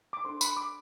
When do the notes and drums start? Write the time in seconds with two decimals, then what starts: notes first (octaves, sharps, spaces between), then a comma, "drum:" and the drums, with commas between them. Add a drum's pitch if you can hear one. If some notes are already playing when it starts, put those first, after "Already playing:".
0.13 D6
0.24 D4 A4 C5 C6
0.41 B5, drum: tambourine
0.57 D6